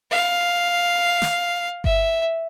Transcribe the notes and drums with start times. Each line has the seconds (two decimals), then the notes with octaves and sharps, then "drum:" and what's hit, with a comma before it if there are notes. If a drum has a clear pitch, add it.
0.11 F5
1.22 drum: snare
1.84 E5, drum: kick G1